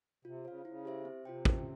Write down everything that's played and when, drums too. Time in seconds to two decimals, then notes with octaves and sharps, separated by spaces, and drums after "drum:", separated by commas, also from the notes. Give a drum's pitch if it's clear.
0.25 C3 F4
0.45 C#3 C5 F5
0.65 C#3 E4
0.85 G4 C5 E5
1.05 C4
1.25 C3 F4 C5 G5
1.45 C#4, drum: kick